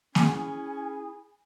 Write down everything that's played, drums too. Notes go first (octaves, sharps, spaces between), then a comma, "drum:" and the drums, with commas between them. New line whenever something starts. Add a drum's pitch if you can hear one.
C#4 E4 G#4 G#5, drum: snare A#3